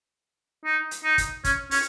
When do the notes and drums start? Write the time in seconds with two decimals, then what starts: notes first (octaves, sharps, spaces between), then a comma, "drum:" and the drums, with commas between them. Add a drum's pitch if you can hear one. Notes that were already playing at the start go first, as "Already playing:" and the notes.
0.65 D#4
0.91 drum: hi-hat
1.04 D#4
1.18 drum: kick, hi-hat
1.44 C#4, drum: kick, hi-hat
1.71 C#4, drum: open hi-hat